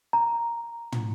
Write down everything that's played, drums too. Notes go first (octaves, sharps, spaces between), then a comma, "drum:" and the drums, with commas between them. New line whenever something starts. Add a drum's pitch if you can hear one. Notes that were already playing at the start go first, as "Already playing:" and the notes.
A#5
drum: tom